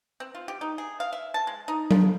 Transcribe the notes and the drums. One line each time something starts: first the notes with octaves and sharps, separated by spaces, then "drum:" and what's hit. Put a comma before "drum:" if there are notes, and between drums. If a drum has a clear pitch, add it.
C4
F4
G4
D#4
G#4
F5
E5
A5
G#3
D#4
F3, drum: tom F#3